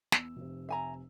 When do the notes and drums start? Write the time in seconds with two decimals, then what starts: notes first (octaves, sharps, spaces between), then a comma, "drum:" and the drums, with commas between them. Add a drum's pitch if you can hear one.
0.12 E2 E6, drum: snare
0.37 F1 C3
0.69 E5 G#5 A#5